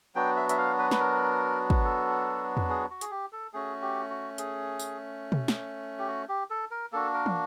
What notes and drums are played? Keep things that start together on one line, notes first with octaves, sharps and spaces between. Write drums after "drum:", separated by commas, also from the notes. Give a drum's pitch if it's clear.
F#3 B3 D4 F#4 G5
E5
E5, drum: hi-hat
F5
B4
B4, drum: snare
A#4
drum: kick
A4
drum: tom E2
G#4
F#4
G#4, drum: hi-hat
G4
A4
A3 C#4 F#4 G#4
G4
F#4
G#4, drum: hi-hat
drum: tambourine
drum: tom B2
drum: snare
G4
F#4
G4
A4
A#4
A#3 D4 F#4 A4
A#4
drum: tom